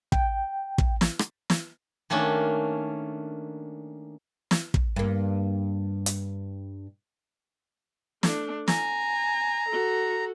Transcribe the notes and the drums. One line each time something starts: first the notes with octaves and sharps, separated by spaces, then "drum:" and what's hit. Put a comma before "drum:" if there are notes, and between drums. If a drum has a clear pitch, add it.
G5, drum: kick
drum: kick
drum: snare
drum: rim click
drum: snare
D#3 A3 A#3 C#4 D4
drum: snare
drum: kick
G2 A#3
drum: hi-hat
A3 D4, drum: snare
G#5 A#5, drum: snare
F#4 A4